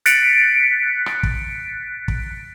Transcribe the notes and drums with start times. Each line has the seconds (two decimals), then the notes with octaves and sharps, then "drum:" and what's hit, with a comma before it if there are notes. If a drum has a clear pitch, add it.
0.06 F#6 A6 B6 C#7 D7, drum: hi-hat
1.06 drum: rim click
1.23 drum: kick
2.08 drum: kick